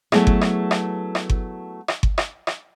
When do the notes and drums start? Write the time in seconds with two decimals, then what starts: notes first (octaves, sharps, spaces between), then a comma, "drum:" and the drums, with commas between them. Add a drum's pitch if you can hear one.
0.12 F#3 A3 B3 E4 G#4, drum: rim click
0.27 drum: kick G1
0.41 drum: rim click
0.71 drum: rim click
1.15 drum: rim click
1.30 drum: kick G1
1.88 drum: rim click
2.03 drum: kick G1
2.18 drum: rim click
2.47 drum: rim click